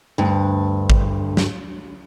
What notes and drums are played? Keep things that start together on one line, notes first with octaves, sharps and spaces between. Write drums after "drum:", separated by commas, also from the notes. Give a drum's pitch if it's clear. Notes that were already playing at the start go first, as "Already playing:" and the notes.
D2 G2
drum: kick G#1
drum: snare